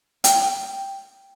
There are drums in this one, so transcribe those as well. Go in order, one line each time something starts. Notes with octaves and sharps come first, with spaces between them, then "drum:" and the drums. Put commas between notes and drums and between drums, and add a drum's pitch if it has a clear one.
G5, drum: hi-hat